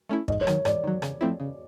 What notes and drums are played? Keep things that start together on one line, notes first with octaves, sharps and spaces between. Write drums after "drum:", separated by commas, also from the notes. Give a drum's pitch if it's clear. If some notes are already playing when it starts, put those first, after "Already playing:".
A3 C#4 E4
G#2 D#5, drum: kick
C#5
D#3 F#3, drum: rim click
G#2 D5, drum: rim click
D#3 F#3
C#3, drum: rim click
F3 A3 C4 E4
C#3